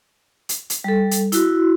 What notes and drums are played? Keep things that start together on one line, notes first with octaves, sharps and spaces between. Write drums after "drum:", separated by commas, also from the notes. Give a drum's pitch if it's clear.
drum: hi-hat
drum: hi-hat
G3 A4
drum: hi-hat
E4 F#4, drum: hi-hat